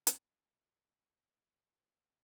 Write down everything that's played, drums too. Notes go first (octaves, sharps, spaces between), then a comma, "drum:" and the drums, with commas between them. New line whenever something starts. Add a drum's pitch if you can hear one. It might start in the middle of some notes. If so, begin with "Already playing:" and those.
drum: hi-hat
F#5